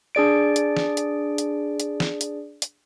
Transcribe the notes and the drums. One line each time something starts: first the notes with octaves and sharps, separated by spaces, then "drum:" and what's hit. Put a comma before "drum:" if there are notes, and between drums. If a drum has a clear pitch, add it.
D4 G#4 D5 D7
drum: hi-hat
drum: snare
drum: hi-hat
drum: hi-hat
drum: hi-hat
drum: snare
drum: hi-hat
drum: hi-hat